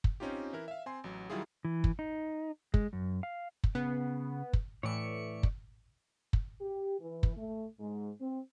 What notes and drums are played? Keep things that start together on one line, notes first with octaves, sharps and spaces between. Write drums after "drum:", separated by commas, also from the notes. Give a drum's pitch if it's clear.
drum: kick
C4 C#4 D#4 F4 G4
E3 E4 A#4
E5 F5
C4 G#5 C6
A1 F#3
D#3 F#3 G3 E4 F4 G#4
E3
drum: kick
D#4
G#3, drum: kick
F#2
F5
drum: kick
C#3 B3
drum: kick
A2 E3 C#5 D5 E5 C#7
drum: kick
drum: kick
G4
E3
drum: kick
A3
G#2
C4